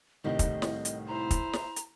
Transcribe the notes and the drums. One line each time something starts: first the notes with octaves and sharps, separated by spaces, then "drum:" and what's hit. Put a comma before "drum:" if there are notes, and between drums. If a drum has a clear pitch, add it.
C2 A2 D#3 G3 C4 D#5
drum: kick, hi-hat
drum: snare
drum: hi-hat
E4 C5 A#5
drum: kick, hi-hat
drum: snare
drum: hi-hat